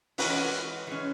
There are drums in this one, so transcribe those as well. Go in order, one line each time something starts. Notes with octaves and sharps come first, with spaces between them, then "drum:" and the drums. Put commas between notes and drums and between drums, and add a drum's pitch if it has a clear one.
E3 G#3 C#4 F#4 B4, drum: open hi-hat
E3 G#3 C#4